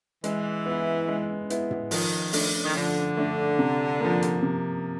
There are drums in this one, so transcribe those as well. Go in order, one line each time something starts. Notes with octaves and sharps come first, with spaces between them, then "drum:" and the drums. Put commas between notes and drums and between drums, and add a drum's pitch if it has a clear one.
E3 G#3, drum: hi-hat
B3 E4
G#3
B3 E4, drum: hi-hat
drum: tom
D#3 F3, drum: open hi-hat
A3 D4, drum: open hi-hat
D#3
D3 F3
A3 D4
C3
F3 A#3
drum: hi-hat
C3